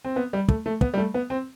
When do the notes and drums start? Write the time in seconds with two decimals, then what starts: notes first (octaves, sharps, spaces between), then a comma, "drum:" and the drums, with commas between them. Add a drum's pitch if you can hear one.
0.05 C4
0.16 B3
0.33 G3
0.48 A3, drum: kick
0.66 A3
0.81 B3, drum: kick
0.94 G3
0.97 A3
1.14 B3
1.30 C4